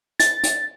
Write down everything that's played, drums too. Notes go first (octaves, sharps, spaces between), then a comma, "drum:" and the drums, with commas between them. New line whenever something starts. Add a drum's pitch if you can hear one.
A6, drum: hi-hat
drum: hi-hat